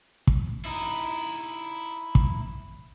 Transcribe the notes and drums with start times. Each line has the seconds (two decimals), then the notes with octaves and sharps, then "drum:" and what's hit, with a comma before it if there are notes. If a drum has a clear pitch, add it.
0.27 drum: kick
0.65 D#4 E4
2.15 drum: kick